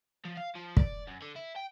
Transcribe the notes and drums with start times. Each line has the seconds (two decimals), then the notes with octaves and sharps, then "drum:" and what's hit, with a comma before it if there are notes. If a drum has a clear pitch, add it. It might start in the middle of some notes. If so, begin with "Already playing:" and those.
0.25 F3
0.37 F5
0.55 F3
0.77 D5, drum: kick
1.07 F#2
1.22 D3
1.36 E4
1.56 G5